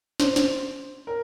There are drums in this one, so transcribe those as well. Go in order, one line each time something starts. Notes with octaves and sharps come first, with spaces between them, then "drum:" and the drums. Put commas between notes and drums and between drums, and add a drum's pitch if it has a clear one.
C5, drum: snare
drum: snare
A#4